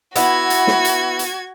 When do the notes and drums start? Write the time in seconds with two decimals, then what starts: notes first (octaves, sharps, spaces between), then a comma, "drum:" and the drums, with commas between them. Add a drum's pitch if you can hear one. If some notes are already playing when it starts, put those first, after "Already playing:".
0.16 B3 E4 F#4 G#6, drum: hi-hat
0.50 drum: hi-hat
0.67 drum: snare
0.85 drum: hi-hat
1.19 drum: hi-hat